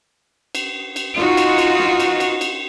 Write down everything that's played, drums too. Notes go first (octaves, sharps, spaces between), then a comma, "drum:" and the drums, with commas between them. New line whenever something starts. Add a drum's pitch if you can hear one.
drum: cymbal
drum: cymbal
D#4 F4 F#4, drum: snare
drum: cymbal
drum: cymbal
drum: snare
drum: cymbal
drum: cymbal
drum: cymbal